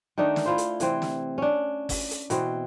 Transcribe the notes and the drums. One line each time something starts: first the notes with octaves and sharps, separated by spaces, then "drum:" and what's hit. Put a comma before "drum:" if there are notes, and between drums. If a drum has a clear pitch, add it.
D#3 A3 D4 D#4
drum: snare
E4 F4 C5
drum: hi-hat
C3 E3 C4, drum: hi-hat
drum: snare
C#4 D4
drum: kick, open hi-hat
drum: hi-hat
B2 E3 C4, drum: hi-hat